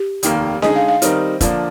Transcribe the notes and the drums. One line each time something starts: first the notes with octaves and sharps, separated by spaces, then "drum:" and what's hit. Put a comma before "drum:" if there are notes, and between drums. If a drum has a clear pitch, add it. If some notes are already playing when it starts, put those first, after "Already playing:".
Already playing: G4
F1 D#2 D#3 A#3, drum: hi-hat
D3 G#3 D#4 G#4 D#5, drum: snare C#4
F5
F5
D#3 G3 C4 D#4 A#4, drum: hi-hat
D3 F3 A#3 D4, drum: kick, hi-hat